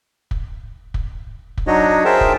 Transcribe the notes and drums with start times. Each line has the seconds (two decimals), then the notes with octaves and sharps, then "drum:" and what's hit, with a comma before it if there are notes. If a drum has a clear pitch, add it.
0.31 drum: kick
0.94 drum: kick
1.57 drum: kick
1.67 F#3 D4 D#4 F#4 C#5 D#5
2.05 G#4 A#4 C5 E5 G5 A5
2.21 drum: kick